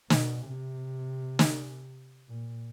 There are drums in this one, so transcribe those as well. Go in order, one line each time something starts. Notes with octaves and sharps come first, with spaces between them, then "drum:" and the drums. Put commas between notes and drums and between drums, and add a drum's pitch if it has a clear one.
B2, drum: snare
C3
drum: snare
A#2